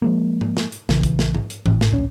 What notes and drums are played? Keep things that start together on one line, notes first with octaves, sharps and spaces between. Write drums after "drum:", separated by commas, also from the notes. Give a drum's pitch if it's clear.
F3 G#3 A#3
drum: tom G#2
drum: snare
drum: hi-hat
A#1 C#3 E3, drum: snare
drum: kick, hi-hat
drum: snare
drum: tom G#2
drum: hi-hat
G#1 A2, drum: tom E3
drum: snare
D1 A#1 C3 C#4